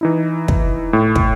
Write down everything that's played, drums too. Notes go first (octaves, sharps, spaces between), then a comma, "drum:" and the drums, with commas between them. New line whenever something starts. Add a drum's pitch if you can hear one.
E3 D#4 E4
drum: kick
A2
drum: kick